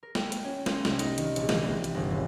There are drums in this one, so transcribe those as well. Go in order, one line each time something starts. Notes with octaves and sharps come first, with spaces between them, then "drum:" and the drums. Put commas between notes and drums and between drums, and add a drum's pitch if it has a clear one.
A#4
G5, drum: snare
drum: hi-hat
C#4
C5, drum: snare
C2, drum: snare
D#4, drum: hi-hat
D#3, drum: hi-hat
A#1, drum: hi-hat
E3, drum: snare
C2
drum: hi-hat
G1
D#1